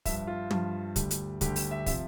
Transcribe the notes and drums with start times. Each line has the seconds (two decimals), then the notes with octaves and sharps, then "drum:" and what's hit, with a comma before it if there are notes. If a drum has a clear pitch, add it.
0.05 G2 F3 E5, drum: kick, open hi-hat
0.27 F4
0.51 G2 F3, drum: tom
0.96 D2 D3 G3, drum: kick, hi-hat
1.11 drum: hi-hat
1.41 D2 D3 G3 G4, drum: kick, hi-hat
1.56 drum: open hi-hat
1.71 E5
1.86 C3 F3 E5, drum: kick, open hi-hat